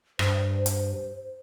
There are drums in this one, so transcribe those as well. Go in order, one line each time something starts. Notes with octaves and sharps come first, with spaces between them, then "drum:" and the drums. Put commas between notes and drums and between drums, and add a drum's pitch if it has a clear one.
G2 C5, drum: rim click
drum: hi-hat